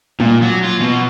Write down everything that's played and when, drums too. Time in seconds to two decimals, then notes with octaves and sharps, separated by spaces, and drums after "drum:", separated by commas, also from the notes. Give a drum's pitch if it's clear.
0.20 A#2, drum: tom F#3
0.42 F#3
0.64 F4
0.80 B2